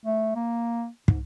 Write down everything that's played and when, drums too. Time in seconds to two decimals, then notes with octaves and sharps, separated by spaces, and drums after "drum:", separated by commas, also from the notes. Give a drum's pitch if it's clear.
0.06 A3
0.35 A#3
1.08 G#2, drum: kick